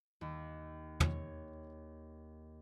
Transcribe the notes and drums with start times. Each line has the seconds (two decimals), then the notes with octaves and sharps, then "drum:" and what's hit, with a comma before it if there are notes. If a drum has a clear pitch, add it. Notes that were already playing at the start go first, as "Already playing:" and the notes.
0.21 D#2
1.00 C#5, drum: tom